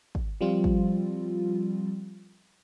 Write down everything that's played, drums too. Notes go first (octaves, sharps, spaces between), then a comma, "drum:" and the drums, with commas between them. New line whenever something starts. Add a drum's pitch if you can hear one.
drum: kick
F3 G3 C4 F4
drum: kick